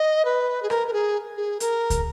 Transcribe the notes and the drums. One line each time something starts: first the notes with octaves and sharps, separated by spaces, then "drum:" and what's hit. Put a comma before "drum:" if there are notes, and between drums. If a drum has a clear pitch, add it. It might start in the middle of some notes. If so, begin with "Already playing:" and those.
Already playing: D#5
B4
G#4
A#4, drum: rim click
A#4
G#4
G#4
A#4, drum: hi-hat
drum: kick, hi-hat